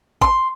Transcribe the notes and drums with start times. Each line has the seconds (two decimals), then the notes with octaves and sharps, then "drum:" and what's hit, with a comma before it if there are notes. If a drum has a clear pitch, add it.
0.21 C6, drum: kick G#1